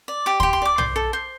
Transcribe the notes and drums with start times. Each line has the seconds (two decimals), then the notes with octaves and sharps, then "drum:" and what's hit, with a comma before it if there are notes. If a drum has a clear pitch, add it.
0.08 D5
0.26 G4 D6
0.40 G4 C6, drum: kick
0.53 C6
0.62 D5 D6
0.78 C5, drum: tom B1
0.96 A4
1.13 C5